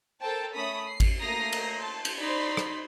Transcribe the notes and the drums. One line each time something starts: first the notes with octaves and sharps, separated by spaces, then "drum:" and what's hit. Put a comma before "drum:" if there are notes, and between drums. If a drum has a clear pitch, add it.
A4 A#4 C5 G5 A5
A3 C#4 B5 D#6 B6
C7
drum: kick G#1, cymbal
A3 A#3 A#5 D#6 A#6 C7
drum: cymbal
A5 C6
drum: cymbal
D#4 C5 D5 B5 C6
drum: rim click